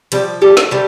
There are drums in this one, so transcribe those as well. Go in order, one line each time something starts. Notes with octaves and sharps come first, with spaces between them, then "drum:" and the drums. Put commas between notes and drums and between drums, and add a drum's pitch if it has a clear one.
F3 G3 G4, drum: cymbal
G3 A3 G4
drum: snare
D3 G3 G4